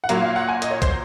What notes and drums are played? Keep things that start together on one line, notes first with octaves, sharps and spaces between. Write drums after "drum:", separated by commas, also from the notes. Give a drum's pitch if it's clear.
F#5
A#2 F#3 A#3 F5, drum: hi-hat
F5
F#5
G#5
D#5, drum: hi-hat
C#5
C5, drum: kick B1, hi-hat